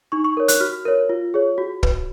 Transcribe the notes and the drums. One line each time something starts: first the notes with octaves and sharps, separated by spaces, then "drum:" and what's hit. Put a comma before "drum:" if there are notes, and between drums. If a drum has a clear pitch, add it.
D#4 C#6
C#6
A#4 C#5
F#6, drum: hi-hat
F#4 F6
A#4 C#5
F4
G#4 C#5
F#4
B4, drum: kick